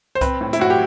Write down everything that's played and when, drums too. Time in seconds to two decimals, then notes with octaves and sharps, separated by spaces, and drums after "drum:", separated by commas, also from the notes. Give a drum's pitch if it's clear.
0.15 C5
0.21 C4 B4, drum: kick C2, hi-hat
0.41 A2
0.53 E4, drum: hi-hat
0.60 A2 F#4
0.70 G4